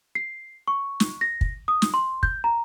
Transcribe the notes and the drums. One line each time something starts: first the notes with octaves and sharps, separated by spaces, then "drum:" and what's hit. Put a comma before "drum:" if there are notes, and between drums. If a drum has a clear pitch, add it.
C7
C#6
drum: snare
A#6
drum: kick
D#6
drum: snare
C6
G6, drum: kick
A#5